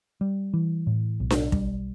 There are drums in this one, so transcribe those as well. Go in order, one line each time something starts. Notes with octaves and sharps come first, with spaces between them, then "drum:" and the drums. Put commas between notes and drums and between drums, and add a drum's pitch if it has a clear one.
G3
E3
A2
B1
drum: snare D4
G3, drum: kick